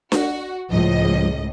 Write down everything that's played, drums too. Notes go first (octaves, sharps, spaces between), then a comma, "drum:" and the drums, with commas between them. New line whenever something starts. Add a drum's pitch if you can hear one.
F#4, drum: snare D4
C#2 A2 F3 D#5